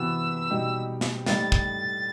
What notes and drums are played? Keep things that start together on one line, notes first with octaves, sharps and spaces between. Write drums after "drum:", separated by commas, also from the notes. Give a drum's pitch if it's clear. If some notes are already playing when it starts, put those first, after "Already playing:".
Already playing: C3 E3 B3 F#4 E6
B2 G3 D#4 G4
drum: snare
A2 G3 D#4 G4 A6, drum: snare
drum: kick